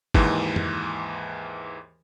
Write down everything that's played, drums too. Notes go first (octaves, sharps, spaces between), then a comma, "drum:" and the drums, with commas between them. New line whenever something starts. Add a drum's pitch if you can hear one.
D#2 G#2 E3, drum: kick G1
drum: tom F2